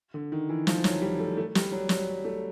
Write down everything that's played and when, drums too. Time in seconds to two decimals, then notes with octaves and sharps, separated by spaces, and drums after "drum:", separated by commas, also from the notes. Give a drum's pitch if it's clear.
0.14 D3
0.32 D#3
0.49 E3
0.67 F3, drum: snare
0.84 F#3, drum: snare
1.02 G3
1.20 A3
1.37 A3
1.55 G3, drum: snare
1.72 F#3
1.89 F#3, drum: snare
2.25 A3